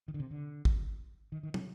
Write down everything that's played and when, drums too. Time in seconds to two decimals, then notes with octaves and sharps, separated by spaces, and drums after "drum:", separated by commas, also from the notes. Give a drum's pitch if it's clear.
0.08 D#3
0.14 D3
0.20 C3
0.31 D3
0.65 drum: kick
1.32 D#3
1.43 D#3
1.54 C3, drum: tom